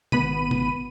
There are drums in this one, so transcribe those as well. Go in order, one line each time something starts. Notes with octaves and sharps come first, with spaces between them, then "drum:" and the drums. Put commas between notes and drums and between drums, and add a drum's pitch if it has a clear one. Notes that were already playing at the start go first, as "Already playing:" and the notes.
G#1 B3 B5 D#7, drum: tom
drum: tom